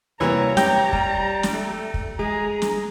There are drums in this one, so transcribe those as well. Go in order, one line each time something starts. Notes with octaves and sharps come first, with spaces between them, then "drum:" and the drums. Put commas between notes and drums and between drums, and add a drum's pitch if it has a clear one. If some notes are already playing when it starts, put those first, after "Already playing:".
C3 E3 G3 A#3 C#5 A#5
G4 G5, drum: snare
G3, drum: kick
drum: snare
A3
drum: kick
G#3 G#4 A#5
drum: snare